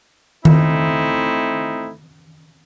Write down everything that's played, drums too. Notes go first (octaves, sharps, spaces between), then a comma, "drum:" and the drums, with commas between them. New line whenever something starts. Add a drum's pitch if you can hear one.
A3 C4 D#4 E4, drum: tom D#3